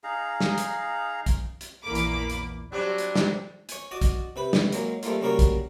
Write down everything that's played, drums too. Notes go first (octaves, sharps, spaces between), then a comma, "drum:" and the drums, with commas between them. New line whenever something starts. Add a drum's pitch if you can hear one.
D#4 G#4 F5 A#5
drum: snare
drum: hi-hat
drum: kick, hi-hat
drum: hi-hat
A#1 E2 A#3 B5 D6
drum: hi-hat
drum: hi-hat
F#3 G3 C4 D4
drum: hi-hat
drum: snare
C#5 G#5, drum: hi-hat
F#4 D5 D#5 D#6
drum: kick, hi-hat
C3 B4 B5
drum: snare
F#3 G#3 A#3, drum: hi-hat
F3 G3 A3 A#3 F4, drum: hi-hat
C#3 G3 A#3 F#4 A#4 C#5
drum: kick, hi-hat